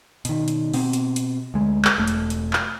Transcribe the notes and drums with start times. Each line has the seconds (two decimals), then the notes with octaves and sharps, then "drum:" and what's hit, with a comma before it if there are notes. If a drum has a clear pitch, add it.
0.25 B2 D#3, drum: hi-hat
0.48 drum: hi-hat
0.74 B2 B3 C4, drum: open hi-hat
0.93 drum: hi-hat
1.16 drum: hi-hat
1.54 D2 G#3
1.85 drum: clap
1.98 E1 A3
2.07 drum: hi-hat
2.30 drum: hi-hat
2.53 drum: clap